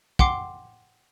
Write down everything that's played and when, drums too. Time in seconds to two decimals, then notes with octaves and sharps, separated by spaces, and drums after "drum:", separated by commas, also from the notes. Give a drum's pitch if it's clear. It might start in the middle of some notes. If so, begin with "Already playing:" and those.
0.19 F#5 G5 C6 D6 C7, drum: kick